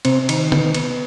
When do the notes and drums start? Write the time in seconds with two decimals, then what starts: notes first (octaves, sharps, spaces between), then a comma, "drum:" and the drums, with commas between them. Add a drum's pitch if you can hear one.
0.05 C3 C4, drum: cymbal
0.29 D#3, drum: cymbal
0.52 B3, drum: tom
0.74 B3, drum: cymbal